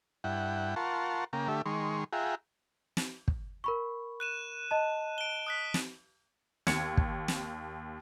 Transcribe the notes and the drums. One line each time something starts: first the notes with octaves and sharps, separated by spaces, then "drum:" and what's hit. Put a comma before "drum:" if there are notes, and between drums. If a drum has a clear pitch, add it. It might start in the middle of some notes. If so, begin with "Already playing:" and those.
G2 E4 F#5 G5
F4 A#4 F#5 A5 C6 C#6
C#3 A#3 G5 A#5
D3 A3 G4 E5
D#3 G#3 C6 C#6
F4 G#4 E5 F#5 G5 A#5
drum: snare
drum: kick
A#4 B5 C#6
F#6 D#7 E7
D#5 A5
D7 G7
D#6 F#6 B6
drum: snare
D#2 G#6 C#7, drum: snare
drum: kick
drum: snare